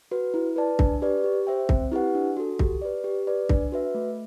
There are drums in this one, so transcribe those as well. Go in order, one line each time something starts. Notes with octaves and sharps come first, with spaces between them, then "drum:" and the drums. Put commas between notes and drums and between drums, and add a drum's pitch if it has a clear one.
F#4 B4
E4
B4 D5 A5
D4, drum: kick
G4 B4 D5
G4
C5 E5 G5
C4, drum: kick
E4 G4 B4 F#5
D4
F#4 A4
G4, drum: kick
B4 D5
G4
B4 D5
D4, drum: kick
F#4 B4 E5
A3